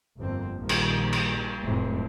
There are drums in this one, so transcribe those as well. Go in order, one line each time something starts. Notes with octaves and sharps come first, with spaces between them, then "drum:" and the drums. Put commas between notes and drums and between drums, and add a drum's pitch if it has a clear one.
G1 F2 A#3 C4
A#1 A#2 D#3 F3 G3
drum: cymbal
drum: cymbal
F1 F#2 A2 G#3 A3 C4